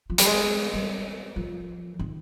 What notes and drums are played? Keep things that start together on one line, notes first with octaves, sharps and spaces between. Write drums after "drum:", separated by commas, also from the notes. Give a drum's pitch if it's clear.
F3
G3, drum: hi-hat
G#3
G3
F3
D#3